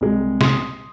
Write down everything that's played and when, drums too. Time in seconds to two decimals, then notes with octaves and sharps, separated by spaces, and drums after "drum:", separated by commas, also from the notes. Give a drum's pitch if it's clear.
0.01 C2 G#3
0.41 C6 D#6, drum: snare